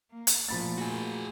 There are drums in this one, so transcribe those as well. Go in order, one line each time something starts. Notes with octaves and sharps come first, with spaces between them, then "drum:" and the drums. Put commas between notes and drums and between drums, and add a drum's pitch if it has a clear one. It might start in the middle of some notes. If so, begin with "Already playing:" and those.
A#3
drum: hi-hat
A#2 F3 A3 B5 A6
F#4 G#4